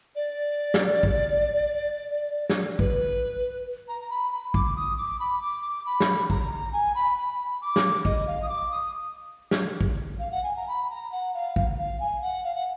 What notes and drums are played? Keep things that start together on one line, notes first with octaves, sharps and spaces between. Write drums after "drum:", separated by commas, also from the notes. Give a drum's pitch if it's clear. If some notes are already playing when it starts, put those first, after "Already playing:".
D5
drum: snare
drum: kick
drum: snare
B4, drum: kick
A#5
A#5
B5
B5
D6, drum: kick
D#6
D6
B5
D6
B5
drum: snare
A#5, drum: kick
A#5
G#5
B5
B5
D6
drum: snare
D#5, drum: kick
F5
D#6
D6
D#6
drum: snare
drum: kick
F5
F#5
G#5
A#5
B5
A#5
F#5
F5
F5, drum: kick
F5
G#5
F#5
F5
F#5